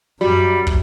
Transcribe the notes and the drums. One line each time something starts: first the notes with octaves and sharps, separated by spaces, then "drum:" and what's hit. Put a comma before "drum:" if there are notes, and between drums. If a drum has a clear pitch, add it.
F#2 G3 F#4
drum: kick